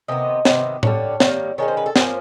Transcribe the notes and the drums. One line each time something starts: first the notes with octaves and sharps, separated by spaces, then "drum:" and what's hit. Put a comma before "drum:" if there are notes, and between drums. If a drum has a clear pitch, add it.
C3 D#3 B3 D#5
C3 D#3 F#3 B3, drum: snare
D3 G3 A#3 D4 C#5, drum: tom A2
D#3 G3 A#3, drum: snare
D#3 G#3 C#4 C#5
C5
B4
A4
F3 A#3 C#4 C5, drum: snare